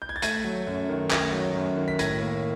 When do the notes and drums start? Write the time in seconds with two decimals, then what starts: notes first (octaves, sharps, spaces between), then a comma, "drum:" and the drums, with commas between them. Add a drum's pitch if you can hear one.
0.02 G6
0.09 G#6
0.16 A6
0.22 A3 G#6 A#6, drum: hi-hat
0.44 F#3
0.67 F#2
0.89 D#3
1.11 A3 G#6 A#6, drum: clap
1.33 F#3
1.55 F#2
1.77 D#3
1.88 B6
1.99 A2 G#6 A#6, drum: hi-hat
2.21 A#3